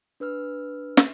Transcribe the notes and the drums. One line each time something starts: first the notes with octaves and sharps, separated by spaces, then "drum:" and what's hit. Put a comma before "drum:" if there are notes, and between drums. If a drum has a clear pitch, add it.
D4 B4 E6 F6
drum: snare